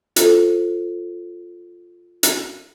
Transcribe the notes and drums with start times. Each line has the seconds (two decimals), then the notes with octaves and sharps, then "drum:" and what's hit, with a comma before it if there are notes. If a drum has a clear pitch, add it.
0.16 F4 A4 C5, drum: hi-hat
2.23 drum: hi-hat